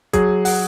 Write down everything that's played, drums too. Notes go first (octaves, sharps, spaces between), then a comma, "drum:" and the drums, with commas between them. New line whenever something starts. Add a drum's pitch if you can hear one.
F#3 G#4, drum: kick, hi-hat
F#5, drum: open hi-hat